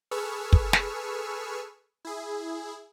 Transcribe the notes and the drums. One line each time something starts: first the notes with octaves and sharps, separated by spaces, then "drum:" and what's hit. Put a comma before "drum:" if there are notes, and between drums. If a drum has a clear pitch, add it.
G#4 A4 B4 C#6 E6 F6
drum: kick
drum: snare
E4 G#4